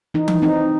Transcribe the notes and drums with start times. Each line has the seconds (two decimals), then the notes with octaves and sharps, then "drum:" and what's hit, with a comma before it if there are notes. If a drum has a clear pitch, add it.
0.14 E3 D#4
0.28 drum: tom E3
0.42 C4 D#4